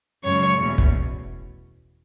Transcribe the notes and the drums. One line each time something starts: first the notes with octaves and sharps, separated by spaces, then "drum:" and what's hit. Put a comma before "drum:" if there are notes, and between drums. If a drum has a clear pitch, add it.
F#2 C#3 G#3 C#5 C#6
E2 B2 A3 C#4
drum: kick